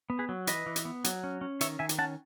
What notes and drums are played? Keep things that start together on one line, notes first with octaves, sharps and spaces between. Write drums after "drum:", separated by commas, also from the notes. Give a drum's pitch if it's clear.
B3
G#4 B4
F#3
E3 B4 D#5, drum: hi-hat
E3
drum: hi-hat
B3
F#3, drum: hi-hat
C#4
C#4
D#3 C#5 E5, drum: hi-hat
D#3 E5 G#5
drum: hi-hat
C#4 F#5 A5